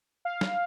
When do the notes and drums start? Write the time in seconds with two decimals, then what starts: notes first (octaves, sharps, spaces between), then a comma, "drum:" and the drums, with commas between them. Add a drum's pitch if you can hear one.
0.25 F5
0.41 drum: snare